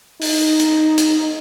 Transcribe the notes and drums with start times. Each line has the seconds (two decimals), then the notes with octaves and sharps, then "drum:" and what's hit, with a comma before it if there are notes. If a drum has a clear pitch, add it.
0.21 D#4, drum: open hi-hat
0.59 drum: hi-hat
0.98 drum: hi-hat